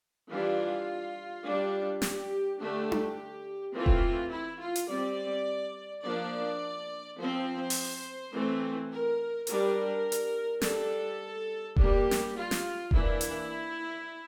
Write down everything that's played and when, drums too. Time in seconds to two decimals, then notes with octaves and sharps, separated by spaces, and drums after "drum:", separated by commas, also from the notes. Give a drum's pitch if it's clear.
0.29 E3 G3 D4 F4
1.44 G3 D4
2.02 G4, drum: snare
2.59 D3 A3 D4 G4
2.92 drum: tom D4
3.73 E3 A3 C4 F4
3.86 drum: kick E1
4.31 E4
4.59 F4
4.76 drum: hi-hat
4.88 G3 C4 D5
6.02 F3 A#3 D4 D5
7.18 F3 C4 C5
7.70 drum: open hi-hat
8.33 E3 A3 C4
8.90 A#4
9.47 G3 D4 A#4, drum: hi-hat
10.12 drum: hi-hat
10.61 G3 D4 A4, drum: snare
11.76 G3 A#3 D4 G4, drum: kick E1
12.11 drum: snare
12.34 F4
12.51 drum: snare
12.91 E3 A#3 D4 E4, drum: kick E1
13.21 drum: hi-hat